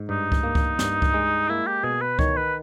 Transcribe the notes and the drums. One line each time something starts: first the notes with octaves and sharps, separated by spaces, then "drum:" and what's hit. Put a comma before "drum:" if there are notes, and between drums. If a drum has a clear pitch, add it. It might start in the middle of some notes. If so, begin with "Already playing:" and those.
Already playing: G#2
G2 D#4
drum: kick C#2
A#3
drum: kick C#2
G2, drum: snare
drum: kick C#2
G#3
A#3 E4
G4
B2 G#4
B4
D#3 C#5, drum: kick C#2
B4